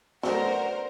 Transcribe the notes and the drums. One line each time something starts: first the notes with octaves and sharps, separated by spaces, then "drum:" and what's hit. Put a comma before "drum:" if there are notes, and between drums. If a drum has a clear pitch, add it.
F#3 A3 B3 C#4 D4 A#4 C5 F#5, drum: snare